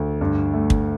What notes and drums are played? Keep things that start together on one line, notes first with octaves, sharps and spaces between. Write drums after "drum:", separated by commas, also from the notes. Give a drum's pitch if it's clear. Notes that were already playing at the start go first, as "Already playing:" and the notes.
Already playing: D2
G2
A3
drum: kick